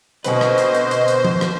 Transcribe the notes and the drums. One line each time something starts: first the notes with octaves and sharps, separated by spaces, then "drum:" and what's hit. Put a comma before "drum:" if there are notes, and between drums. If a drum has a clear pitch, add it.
B2 D3 C4 B4 C5 D#5, drum: hi-hat
drum: rim click
drum: hi-hat
drum: hi-hat
drum: hi-hat
drum: hi-hat
drum: tom F3
drum: rim click